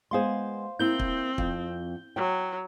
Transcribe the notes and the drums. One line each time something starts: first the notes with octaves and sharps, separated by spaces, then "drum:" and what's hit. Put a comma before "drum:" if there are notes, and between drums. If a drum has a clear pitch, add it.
G#3 B3 G#4 C5 F5 C6
A#3 C4 E4 G6 G7
drum: kick
F2, drum: kick
F#3 G5